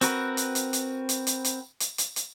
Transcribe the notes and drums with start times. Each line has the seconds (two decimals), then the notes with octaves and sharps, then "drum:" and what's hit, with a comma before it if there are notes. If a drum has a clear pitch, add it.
0.01 C4 F#4 A#4 B4, drum: hi-hat
0.37 drum: hi-hat
0.55 drum: hi-hat
0.73 drum: hi-hat
1.09 drum: hi-hat
1.27 drum: hi-hat
1.45 drum: hi-hat
1.80 drum: hi-hat
1.98 drum: hi-hat
2.16 drum: hi-hat